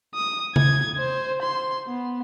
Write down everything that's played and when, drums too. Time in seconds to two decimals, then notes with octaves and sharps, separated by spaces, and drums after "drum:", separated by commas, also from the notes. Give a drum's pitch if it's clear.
0.15 D#6
0.56 G#6, drum: tom C#3
0.99 C5
1.42 C6
1.87 B3